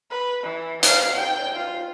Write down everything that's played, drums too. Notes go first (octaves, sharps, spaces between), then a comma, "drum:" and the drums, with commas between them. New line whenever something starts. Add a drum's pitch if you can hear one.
B4
E3
F5, drum: hi-hat
G5
F4